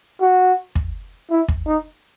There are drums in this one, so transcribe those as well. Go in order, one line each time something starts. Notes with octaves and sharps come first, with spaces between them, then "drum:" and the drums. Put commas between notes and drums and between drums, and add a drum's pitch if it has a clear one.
F#4
drum: kick
E4
drum: kick
D#4